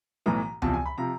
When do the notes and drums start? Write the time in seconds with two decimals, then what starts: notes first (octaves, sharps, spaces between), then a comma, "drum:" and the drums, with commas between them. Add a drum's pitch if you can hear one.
0.26 B1 A2 E3 A#5
0.62 E2 C3 F3 A5, drum: tom C#2
0.74 G#5
0.86 B5
0.98 C3 F3 A#5